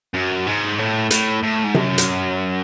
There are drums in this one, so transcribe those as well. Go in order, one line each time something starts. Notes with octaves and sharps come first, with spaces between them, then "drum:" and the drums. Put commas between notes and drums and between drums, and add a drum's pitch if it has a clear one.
F#2
G#2
A2
A2, drum: hi-hat
A2
G#2
F#2, drum: tom C3
drum: hi-hat